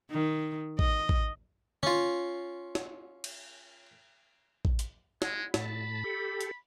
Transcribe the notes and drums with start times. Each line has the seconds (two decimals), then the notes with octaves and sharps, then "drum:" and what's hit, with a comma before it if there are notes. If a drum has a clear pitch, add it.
0.11 D#3
0.79 D#5, drum: kick
1.09 drum: kick
1.83 C#4 F4, drum: tom
2.75 drum: snare
3.24 drum: cymbal
4.65 drum: kick
4.79 drum: hi-hat
5.22 G#3, drum: snare
5.54 A2 A5 B5, drum: snare
6.04 G4 A4
6.41 drum: hi-hat